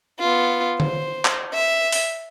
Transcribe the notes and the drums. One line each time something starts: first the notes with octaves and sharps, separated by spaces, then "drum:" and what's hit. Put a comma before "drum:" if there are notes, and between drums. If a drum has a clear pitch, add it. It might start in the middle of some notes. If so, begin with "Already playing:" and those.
B3 F4
C5, drum: tom D3
drum: clap
E5
drum: open hi-hat